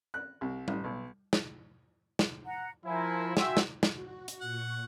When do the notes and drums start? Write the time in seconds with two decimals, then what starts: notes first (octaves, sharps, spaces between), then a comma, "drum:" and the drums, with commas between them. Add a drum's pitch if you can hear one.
0.14 F#6
0.41 C2
0.68 A1, drum: tom G3
0.84 B1
1.33 drum: snare
2.19 drum: snare
2.45 F#5 A#5
2.85 F3 E4 A#4 C5 G#5
3.37 F#4 E5 G5 G#5 C6, drum: snare
3.57 drum: snare
3.83 drum: snare
3.93 F#4
4.28 drum: hi-hat
4.41 A#2 F#5 C#6